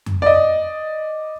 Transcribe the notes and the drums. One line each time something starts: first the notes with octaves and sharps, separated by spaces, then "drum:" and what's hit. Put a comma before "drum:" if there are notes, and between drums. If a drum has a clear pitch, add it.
drum: tom F2
D5 D#5